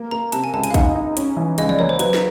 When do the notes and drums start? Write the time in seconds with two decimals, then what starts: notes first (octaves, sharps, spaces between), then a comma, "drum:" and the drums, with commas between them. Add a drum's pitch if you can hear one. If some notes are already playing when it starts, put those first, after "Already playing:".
Already playing: A#3
0.11 A#3 A#5
0.32 C3 A5, drum: hi-hat
0.44 G#5
0.53 C#2 A5
0.63 G#5, drum: hi-hat
0.71 F5
0.74 D#4 F#5, drum: kick, hi-hat
0.95 D#4
1.17 C#4, drum: hi-hat
1.37 E3
1.58 C#2 D#5, drum: hi-hat
1.69 D5, drum: tom E3
1.79 A#3 C#5
1.89 C5
1.99 F#3 B4, drum: hi-hat
2.14 drum: snare